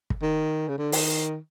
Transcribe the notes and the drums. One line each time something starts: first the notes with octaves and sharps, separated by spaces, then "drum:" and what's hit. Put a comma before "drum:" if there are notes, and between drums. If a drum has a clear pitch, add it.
drum: kick
D#3
C#3
D3
D#3, drum: open hi-hat